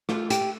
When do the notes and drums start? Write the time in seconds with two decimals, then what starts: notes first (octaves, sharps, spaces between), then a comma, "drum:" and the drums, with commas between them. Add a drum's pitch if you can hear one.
0.09 A3 F4, drum: rim click
0.30 G4, drum: hi-hat
0.41 A3